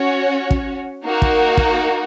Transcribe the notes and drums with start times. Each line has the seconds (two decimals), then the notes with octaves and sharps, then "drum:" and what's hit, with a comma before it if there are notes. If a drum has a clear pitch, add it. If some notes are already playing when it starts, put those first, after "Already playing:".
Already playing: C#4 F#4 C#5
0.51 drum: kick
1.04 A#3 D#4 F#4 A#4
1.22 drum: kick
1.57 drum: kick